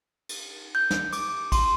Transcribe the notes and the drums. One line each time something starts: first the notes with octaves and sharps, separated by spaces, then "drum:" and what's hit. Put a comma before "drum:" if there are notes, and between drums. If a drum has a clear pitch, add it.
drum: cymbal
G6
drum: snare
D6, drum: cymbal
C6, drum: kick, cymbal